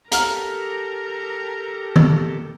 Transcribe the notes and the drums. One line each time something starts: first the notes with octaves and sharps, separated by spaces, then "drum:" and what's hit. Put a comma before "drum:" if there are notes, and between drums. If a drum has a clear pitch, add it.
G4 A4 A#4 A#5 F6, drum: hi-hat
drum: tom D#3